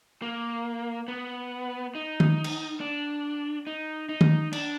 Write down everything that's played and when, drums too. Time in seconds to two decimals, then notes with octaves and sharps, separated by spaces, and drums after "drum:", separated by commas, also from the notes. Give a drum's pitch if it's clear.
0.22 A#3
1.08 B3
1.95 D#4
2.20 drum: tom D#3
2.44 drum: cymbal
2.80 D4
3.67 D#4
4.09 D#4
4.21 drum: tom D#3
4.53 D4, drum: cymbal